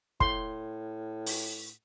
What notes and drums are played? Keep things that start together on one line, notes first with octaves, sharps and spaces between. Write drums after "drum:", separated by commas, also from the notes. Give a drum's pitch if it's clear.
A2 C6, drum: kick
drum: open hi-hat